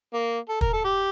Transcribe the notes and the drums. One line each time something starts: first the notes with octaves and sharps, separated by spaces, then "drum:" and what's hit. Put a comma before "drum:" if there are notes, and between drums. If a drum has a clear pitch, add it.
A#3
A4
A#4, drum: kick
A4
G4